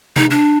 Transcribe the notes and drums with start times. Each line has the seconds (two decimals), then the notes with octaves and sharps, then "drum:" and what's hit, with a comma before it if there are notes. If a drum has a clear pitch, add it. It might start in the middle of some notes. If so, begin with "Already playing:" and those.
0.16 D#4, drum: tom C3
0.30 D4